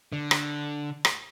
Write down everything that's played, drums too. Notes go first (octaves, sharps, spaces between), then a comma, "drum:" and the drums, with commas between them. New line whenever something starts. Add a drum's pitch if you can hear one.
D3
drum: rim click
drum: rim click